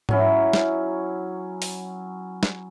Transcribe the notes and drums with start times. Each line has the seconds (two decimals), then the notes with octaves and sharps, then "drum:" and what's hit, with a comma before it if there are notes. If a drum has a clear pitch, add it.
0.09 F#3 C#4 E4, drum: tom G#2
0.53 drum: snare
1.62 drum: open hi-hat
2.43 drum: snare